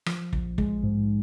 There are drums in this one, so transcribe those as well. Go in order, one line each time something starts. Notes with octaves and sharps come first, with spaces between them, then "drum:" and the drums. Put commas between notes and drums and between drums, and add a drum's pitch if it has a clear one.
F3, drum: rim click
A#1, drum: kick
G#3, drum: kick
G#2